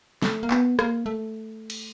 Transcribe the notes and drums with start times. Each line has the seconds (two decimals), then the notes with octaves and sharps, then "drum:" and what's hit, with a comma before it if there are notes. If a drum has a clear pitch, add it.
0.22 A3, drum: snare
0.43 A#3
0.51 B3, drum: clap
0.79 A#3, drum: rim click
1.06 A3
1.70 drum: cymbal